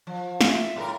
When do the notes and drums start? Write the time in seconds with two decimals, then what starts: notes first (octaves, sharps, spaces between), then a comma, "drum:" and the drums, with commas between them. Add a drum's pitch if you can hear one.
0.07 F3
0.41 F4 E5, drum: snare
0.76 A2 A4 A#4